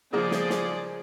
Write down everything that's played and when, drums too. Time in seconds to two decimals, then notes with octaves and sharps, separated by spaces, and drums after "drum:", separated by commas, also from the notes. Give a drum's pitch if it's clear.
0.13 C#3 F3 G#3 A#3 G#4 D5
0.31 drum: snare
0.50 drum: snare